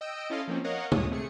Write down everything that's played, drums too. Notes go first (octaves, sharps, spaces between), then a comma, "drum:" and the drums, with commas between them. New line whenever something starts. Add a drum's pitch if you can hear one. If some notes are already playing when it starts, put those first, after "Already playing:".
D#5 G5 E6 D7
C#4 E4 A4 D#5 F5 C6
F3 A#3 C4 C#4
A#4 C#5 D#5 F5 F#5
D2 G2 A#2 G#3 C#5 D#6, drum: tom
C3 A3 G#4 C#7